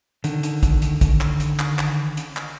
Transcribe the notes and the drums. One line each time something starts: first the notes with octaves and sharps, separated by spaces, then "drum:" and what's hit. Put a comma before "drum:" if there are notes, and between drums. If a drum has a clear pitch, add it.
D3 D#3, drum: hi-hat
drum: hi-hat
drum: kick, hi-hat
drum: hi-hat
drum: kick, hi-hat
drum: clap
drum: hi-hat
drum: clap
drum: clap
drum: hi-hat
drum: clap